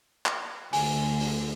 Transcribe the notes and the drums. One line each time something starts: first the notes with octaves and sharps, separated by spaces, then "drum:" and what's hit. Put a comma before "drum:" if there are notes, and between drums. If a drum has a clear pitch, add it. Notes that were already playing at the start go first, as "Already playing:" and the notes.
drum: clap
D2 D3 G#5, drum: open hi-hat
drum: open hi-hat